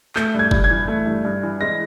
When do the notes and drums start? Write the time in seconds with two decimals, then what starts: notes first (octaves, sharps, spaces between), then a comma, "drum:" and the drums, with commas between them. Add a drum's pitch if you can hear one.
0.16 A3 G6, drum: clap
0.34 G2
0.39 G#6
0.51 G2, drum: kick F#1
0.64 G#6
0.70 E3
0.88 A3
1.06 G2
1.25 G2
1.43 E3
1.61 G#3 A#6